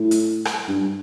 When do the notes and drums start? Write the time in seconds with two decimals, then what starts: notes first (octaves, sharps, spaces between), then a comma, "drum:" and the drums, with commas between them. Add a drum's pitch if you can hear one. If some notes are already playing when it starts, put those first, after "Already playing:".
Already playing: A2
0.11 drum: hi-hat
0.45 drum: rim click
0.68 G2